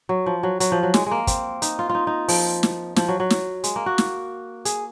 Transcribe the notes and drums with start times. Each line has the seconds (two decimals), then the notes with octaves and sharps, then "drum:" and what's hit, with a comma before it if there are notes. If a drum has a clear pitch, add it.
0.09 F#3
0.26 F3
0.43 F#3
0.60 F#3, drum: hi-hat
0.72 F3
0.83 F#3
0.94 G#3, drum: snare
1.06 G#3
1.11 A#3
1.27 C4, drum: kick, hi-hat
1.62 D#4, drum: hi-hat
1.79 F4
1.89 F4
1.95 D#4
2.07 D#4
2.28 F3, drum: open hi-hat
2.63 drum: snare
2.96 F3, drum: snare
3.08 F#3
3.20 F#3
3.30 drum: snare
3.64 G#3, drum: hi-hat
3.76 A#3
3.86 F#4
3.98 drum: snare
4.65 G#4, drum: hi-hat